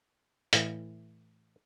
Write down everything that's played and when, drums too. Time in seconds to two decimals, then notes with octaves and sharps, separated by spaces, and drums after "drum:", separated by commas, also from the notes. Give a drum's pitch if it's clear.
0.53 A2 E3, drum: hi-hat